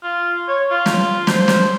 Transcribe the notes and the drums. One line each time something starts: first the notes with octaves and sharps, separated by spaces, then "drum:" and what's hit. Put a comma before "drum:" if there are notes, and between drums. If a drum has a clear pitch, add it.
F4
C#5
F4
drum: snare
C5, drum: snare
drum: snare